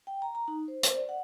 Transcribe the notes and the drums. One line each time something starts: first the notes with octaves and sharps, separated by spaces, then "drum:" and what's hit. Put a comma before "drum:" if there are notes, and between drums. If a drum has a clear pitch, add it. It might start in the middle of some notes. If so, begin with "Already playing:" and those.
G5
A#5
A#5
D#4
C5
C5, drum: hi-hat
D5
F#5